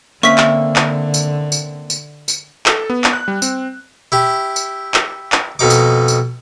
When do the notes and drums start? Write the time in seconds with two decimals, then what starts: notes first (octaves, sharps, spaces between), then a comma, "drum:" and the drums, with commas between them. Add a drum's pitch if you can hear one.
0.23 D3 A#3 C4 C#4 E5 C#6 B6
0.38 drum: clap
0.76 drum: clap
1.14 drum: tambourine
1.52 drum: tambourine
1.90 drum: tambourine
2.28 drum: tambourine
2.66 A4, drum: clap
2.90 B3
3.04 drum: clap
3.13 F#6
3.28 G3
3.42 C4, drum: tambourine
4.12 E4 G4
4.56 drum: tambourine
4.94 drum: clap
5.32 drum: clap
5.59 F2 B2 D#4 D6
5.70 drum: tambourine
6.08 drum: tambourine